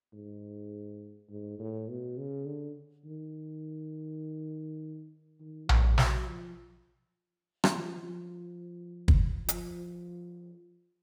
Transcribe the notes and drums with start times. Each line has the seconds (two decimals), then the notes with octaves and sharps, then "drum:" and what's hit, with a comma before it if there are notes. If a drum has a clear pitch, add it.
0.13 G#2
1.29 G#2
1.59 A2
1.89 B2
2.18 C#3
2.46 D3
3.05 D#3
5.40 D#3
5.69 G3, drum: tom A#1
5.98 F#3, drum: snare
6.27 F3
7.64 drum: rim click
7.73 F3
8.03 F3
9.08 drum: kick
9.49 F3, drum: hi-hat